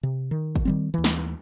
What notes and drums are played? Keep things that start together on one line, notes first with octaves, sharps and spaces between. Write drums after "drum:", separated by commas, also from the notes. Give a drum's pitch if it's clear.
C3
D#3
drum: kick
D#3 G3 C4
D#2 E3
drum: snare